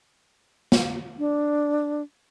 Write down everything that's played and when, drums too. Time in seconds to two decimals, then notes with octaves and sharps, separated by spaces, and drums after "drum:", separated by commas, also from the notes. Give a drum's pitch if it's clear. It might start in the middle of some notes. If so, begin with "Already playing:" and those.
0.72 drum: snare
1.19 D4